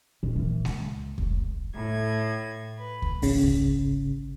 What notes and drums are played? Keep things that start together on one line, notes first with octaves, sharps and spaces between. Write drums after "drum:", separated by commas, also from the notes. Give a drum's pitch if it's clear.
D#1 D#2
A#2 E3
C#2, drum: snare G#3
F1, drum: kick C#2
A2 G#6
B4
drum: kick C#2
G#1 C#3, drum: open hi-hat
drum: kick C#2